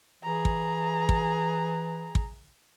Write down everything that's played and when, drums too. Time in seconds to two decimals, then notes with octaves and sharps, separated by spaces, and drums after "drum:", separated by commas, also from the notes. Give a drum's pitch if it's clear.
0.24 E3 G#4 A#5
0.45 drum: kick
1.09 drum: kick
2.15 drum: kick